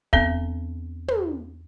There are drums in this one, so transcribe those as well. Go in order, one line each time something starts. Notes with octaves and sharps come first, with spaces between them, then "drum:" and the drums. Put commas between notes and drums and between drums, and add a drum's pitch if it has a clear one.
E2 B3 C4 A4, drum: kick
drum: tom